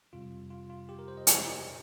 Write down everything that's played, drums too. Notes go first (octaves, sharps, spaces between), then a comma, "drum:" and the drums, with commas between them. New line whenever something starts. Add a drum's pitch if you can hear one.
F2 C3 G3 F4
F4
F4
G4
A#4
C5
D#5
A#4, drum: hi-hat
A#2